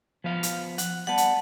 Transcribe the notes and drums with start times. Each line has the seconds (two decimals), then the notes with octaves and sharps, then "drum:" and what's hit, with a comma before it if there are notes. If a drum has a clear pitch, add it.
0.24 F3 B3 F5
0.43 drum: hi-hat
0.78 F#5, drum: hi-hat
1.07 G3 B3 F#5 A5
1.18 drum: hi-hat